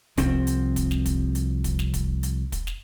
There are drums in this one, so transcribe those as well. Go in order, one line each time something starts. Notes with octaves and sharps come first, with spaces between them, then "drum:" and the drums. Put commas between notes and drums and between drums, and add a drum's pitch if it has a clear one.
C2 F3 C4, drum: kick, hi-hat
drum: hi-hat
drum: kick, hi-hat
drum: snare
drum: kick, hi-hat
drum: hi-hat
drum: kick, hi-hat
drum: snare
drum: kick, hi-hat
drum: hi-hat
drum: kick, hi-hat
drum: snare